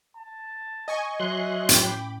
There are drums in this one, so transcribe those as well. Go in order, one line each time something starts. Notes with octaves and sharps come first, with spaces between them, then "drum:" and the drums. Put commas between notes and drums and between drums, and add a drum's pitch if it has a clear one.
A5
D#5 G#5 C#6
F#3 E5 C6 F#6
A2 C#4 G5 B5 D6, drum: hi-hat